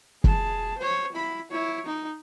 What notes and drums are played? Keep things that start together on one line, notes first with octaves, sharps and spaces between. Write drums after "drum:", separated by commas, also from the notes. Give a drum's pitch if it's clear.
G#4 A5, drum: kick
C5 C#5
E4 B5
E4 C#5
D#4